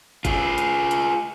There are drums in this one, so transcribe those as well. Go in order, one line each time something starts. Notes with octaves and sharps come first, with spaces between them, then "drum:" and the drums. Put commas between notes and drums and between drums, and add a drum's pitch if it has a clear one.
F4 G#4, drum: kick G1, hi-hat
drum: hi-hat
drum: hi-hat